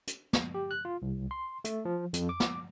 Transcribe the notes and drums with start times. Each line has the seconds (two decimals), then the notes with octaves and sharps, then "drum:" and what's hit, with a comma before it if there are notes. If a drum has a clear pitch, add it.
0.07 drum: hi-hat
0.33 drum: snare
0.54 G4
0.71 F#6
0.85 F4
1.02 C2
1.31 C6
1.64 A3, drum: hi-hat
1.85 F3
2.13 F2, drum: hi-hat
2.29 D6
2.40 drum: snare